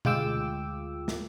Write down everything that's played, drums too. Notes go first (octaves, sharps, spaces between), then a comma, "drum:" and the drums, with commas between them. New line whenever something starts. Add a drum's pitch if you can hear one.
D2 G#3 F4 G5 D6 E6, drum: tom B2
drum: snare